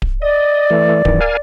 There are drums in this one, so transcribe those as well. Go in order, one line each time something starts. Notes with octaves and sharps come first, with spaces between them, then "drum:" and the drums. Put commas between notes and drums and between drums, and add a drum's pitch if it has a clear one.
drum: kick D1
D5 D#5
E3 A3
F#2 D#3 E3, drum: kick D1
A#4 F5 G#5